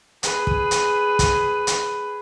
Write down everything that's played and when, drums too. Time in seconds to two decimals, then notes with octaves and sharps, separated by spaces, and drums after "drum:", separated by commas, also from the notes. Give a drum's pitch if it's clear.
0.23 G#4 B4, drum: hi-hat
0.47 drum: kick
0.71 drum: hi-hat
1.19 drum: kick, hi-hat
1.67 drum: hi-hat